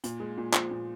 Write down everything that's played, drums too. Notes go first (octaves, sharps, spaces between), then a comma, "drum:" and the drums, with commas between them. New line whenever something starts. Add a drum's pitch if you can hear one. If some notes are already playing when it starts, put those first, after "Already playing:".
A#2, drum: hi-hat
G#3
A#2
F3, drum: clap
A#2